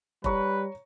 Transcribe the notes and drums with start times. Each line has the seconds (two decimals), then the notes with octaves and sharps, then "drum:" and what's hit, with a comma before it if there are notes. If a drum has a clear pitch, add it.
0.24 G3 B4 C#5 A#5 C#6, drum: kick F1